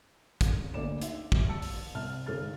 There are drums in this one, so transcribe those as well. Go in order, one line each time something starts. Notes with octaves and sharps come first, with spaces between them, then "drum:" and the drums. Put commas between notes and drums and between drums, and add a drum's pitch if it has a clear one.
drum: kick, hi-hat
D2 D3 A#3 D5 D6 E7
D#4 E5, drum: hi-hat
drum: kick
A5 E6 C#7
drum: open hi-hat
C2 C3 A5 F6
G#1 D3 G#4 F6 A6